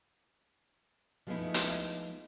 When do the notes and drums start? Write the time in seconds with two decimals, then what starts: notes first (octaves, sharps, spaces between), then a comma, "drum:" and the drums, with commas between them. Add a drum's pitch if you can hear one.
1.27 F3 G#3 A3 B3 D#4 E4
1.54 drum: hi-hat